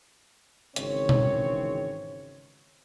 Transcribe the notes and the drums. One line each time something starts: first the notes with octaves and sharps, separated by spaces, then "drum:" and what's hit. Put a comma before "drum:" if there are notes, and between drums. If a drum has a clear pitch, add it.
G#1 C#3 E3 C4 C#5, drum: hi-hat
drum: tom B2